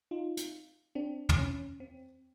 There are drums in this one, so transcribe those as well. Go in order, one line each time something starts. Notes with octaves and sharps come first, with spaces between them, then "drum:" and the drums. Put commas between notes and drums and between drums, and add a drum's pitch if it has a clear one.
D#4 F4
drum: hi-hat
C4 D4
drum: tom
C#4
C4